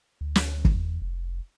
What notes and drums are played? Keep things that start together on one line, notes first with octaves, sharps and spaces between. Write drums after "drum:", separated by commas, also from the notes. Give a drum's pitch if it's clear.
D2
drum: snare
drum: kick
E2
F1